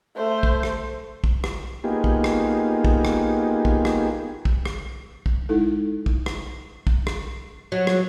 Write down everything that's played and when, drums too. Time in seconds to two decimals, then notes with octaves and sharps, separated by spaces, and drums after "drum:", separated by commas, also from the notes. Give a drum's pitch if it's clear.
0.16 A3 C5
0.43 drum: kick
0.63 drum: rim click
1.24 drum: kick
1.44 drum: rim click
1.84 A#3 B3 D#4 F4 G4 G#4
2.04 drum: kick
2.24 drum: rim click
2.85 drum: kick
3.05 drum: rim click
3.65 drum: kick
3.85 drum: rim click
4.45 drum: kick
4.65 drum: rim click
5.26 drum: kick
5.49 G#3 D#4 E4 A4
6.06 drum: kick
6.26 drum: rim click
6.87 drum: kick
7.07 drum: rim click
7.72 F#3
7.87 drum: rim click